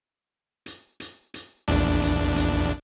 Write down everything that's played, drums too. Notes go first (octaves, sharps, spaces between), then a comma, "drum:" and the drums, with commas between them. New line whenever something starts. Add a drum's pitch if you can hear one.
drum: hi-hat
drum: hi-hat
drum: hi-hat
A#1 E2 D4
drum: hi-hat
drum: hi-hat